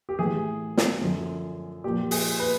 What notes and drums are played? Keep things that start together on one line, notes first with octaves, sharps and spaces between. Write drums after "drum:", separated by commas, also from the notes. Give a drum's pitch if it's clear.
G4
A2 E3 G#4
drum: snare
F#2 D3 F3
A#2 F3 G4
G#4, drum: open hi-hat
B4